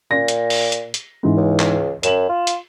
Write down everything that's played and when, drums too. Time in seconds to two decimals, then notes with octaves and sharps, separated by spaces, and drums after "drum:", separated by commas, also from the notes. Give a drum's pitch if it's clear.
0.11 A#2 A#6
0.28 drum: hi-hat
0.50 drum: open hi-hat
0.72 drum: hi-hat
0.94 drum: hi-hat
1.23 G#2 E3
1.37 C#2
1.60 drum: clap
2.03 F#2 E7 F#7, drum: hi-hat
2.29 F4
2.47 drum: hi-hat